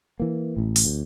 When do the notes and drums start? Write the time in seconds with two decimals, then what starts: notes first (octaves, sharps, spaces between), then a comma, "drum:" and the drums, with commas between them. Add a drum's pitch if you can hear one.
0.20 E3 A#3
0.57 A1 A2
0.76 drum: open hi-hat
0.85 D2